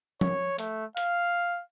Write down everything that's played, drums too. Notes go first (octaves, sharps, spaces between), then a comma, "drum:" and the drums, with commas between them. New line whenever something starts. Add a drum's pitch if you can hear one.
C#5, drum: tom F3
A3, drum: hi-hat
F5, drum: hi-hat